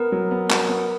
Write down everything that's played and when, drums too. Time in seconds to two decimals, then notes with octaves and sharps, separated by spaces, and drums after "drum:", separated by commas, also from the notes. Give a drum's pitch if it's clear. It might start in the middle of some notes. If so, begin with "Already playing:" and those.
Already playing: B3 A#4
0.12 F#3
0.31 B3
0.50 F#3, drum: clap
0.69 B3